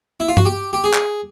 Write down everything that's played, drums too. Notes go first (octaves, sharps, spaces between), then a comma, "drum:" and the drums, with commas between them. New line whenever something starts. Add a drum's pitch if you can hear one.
E4
F4
F#4, drum: tom G2
G4
G4
G#4
drum: clap